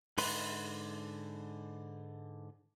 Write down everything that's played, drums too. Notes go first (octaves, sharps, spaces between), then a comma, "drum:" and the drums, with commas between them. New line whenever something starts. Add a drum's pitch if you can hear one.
G#2 D3 B4 C6, drum: open hi-hat